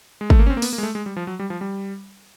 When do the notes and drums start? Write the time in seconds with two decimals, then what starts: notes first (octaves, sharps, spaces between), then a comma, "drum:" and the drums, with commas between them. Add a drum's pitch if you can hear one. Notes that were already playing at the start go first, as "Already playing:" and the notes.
0.21 G#3
0.30 A3, drum: kick G#1
0.39 A#3
0.46 C#4
0.50 C4
0.57 A#3
0.62 B3, drum: open hi-hat
0.73 A#3
0.78 G#3
0.83 A3
0.95 G#3
1.06 G3
1.16 F3
1.27 F#3
1.39 G3
1.50 F3
1.61 G3